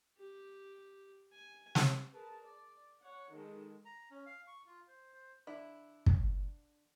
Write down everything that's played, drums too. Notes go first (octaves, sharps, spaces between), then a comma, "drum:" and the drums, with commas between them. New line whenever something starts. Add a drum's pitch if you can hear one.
G4
G#5
drum: snare
G#4 A#4 B4 A5
D5
C#5 F#5
D#3 G#3 A4
A#5
C#4
F5
C#6
F4
C5
C5
D3 E4
drum: kick